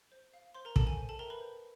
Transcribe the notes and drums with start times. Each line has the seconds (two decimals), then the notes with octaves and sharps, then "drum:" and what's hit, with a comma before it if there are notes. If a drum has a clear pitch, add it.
0.12 C5
0.34 F5
0.54 C5 C6
0.65 A#4 A#5
0.76 A4 F5 A5, drum: kick
0.87 G#5
0.98 C5 G#5
1.09 A4 A5
1.19 A#4 E5 G5 A#5
1.30 B4 B5
1.41 C5